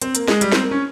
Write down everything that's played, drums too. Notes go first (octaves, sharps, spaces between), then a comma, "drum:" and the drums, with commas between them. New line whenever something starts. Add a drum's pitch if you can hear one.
C4, drum: hi-hat
A#3, drum: hi-hat
G#3, drum: snare
G3, drum: hi-hat
C4, drum: snare
A#3
C#4